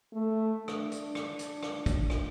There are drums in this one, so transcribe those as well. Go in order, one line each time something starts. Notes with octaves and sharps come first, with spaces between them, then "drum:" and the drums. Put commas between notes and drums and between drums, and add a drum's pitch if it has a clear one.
A3
D4, drum: rim click
drum: hi-hat
drum: rim click
drum: hi-hat
drum: rim click
drum: kick, hi-hat
drum: rim click